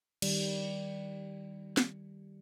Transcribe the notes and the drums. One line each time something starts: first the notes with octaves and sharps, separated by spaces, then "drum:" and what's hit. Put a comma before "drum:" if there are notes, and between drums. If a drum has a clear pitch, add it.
D#3 G3, drum: cymbal
drum: snare